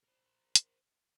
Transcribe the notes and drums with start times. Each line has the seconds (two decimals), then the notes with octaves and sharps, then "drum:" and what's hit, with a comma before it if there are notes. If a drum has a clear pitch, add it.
0.04 A#4 C5
0.55 drum: hi-hat